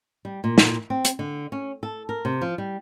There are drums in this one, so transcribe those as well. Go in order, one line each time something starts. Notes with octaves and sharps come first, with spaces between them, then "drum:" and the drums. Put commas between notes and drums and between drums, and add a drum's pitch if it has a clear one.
G3
A#2
drum: snare
C4
drum: hi-hat
D3
C#4
A4
A#4
C3
F3
G3